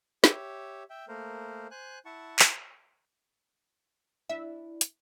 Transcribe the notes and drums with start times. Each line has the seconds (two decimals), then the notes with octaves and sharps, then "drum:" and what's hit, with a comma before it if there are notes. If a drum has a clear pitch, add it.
0.24 G4 C#5 E5, drum: snare
0.90 E5 G5
1.08 A3 A#3 A#4 C5
1.71 C5 G#5 F#6
2.06 E4 F#5 A5 C#6
2.39 drum: clap
4.29 D4 E4 E5
4.81 drum: hi-hat